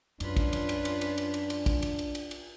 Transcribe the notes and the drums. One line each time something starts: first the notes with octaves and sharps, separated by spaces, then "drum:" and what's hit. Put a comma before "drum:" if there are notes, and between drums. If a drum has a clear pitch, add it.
F#2 C#4 D4 F4 B4, drum: cymbal
drum: kick, cymbal
drum: cymbal
drum: cymbal
drum: cymbal
drum: cymbal
drum: cymbal
drum: cymbal
drum: cymbal
drum: kick, cymbal
drum: cymbal
drum: cymbal
drum: cymbal
drum: cymbal